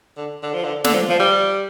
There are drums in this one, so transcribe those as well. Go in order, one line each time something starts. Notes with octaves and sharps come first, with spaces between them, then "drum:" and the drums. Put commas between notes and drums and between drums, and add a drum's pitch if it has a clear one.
D3
D3
F3
D3
D3, drum: snare
F3
F3
G3